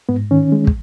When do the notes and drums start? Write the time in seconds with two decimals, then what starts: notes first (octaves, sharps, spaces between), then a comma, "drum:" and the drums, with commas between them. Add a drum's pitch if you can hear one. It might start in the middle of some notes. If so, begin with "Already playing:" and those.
0.09 G#2 B3
0.31 D#3 C#4
0.52 G#3
0.67 drum: kick